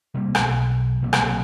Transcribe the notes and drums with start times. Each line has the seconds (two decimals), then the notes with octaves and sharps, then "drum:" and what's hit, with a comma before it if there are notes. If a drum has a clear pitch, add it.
0.14 C3 G3 A#3
0.35 B1 B2, drum: rim click
1.01 B1 C3 F#3 A#3
1.13 drum: rim click